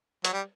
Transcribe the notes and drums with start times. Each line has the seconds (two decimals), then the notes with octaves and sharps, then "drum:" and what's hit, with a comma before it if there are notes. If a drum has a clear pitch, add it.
0.25 F#3, drum: hi-hat
0.33 G3